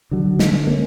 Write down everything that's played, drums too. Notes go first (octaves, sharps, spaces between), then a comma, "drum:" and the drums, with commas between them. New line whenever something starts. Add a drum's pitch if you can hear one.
D3 F#3
D3, drum: snare
A#3 C#4